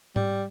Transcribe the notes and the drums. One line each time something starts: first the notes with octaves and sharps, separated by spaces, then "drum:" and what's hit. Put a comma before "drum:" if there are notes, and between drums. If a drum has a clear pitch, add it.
G3, drum: tom G#2